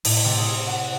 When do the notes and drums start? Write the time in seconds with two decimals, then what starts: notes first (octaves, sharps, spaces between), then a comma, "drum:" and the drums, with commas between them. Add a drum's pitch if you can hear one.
0.05 A2, drum: open hi-hat
0.25 C3
0.39 G#4
0.67 F#5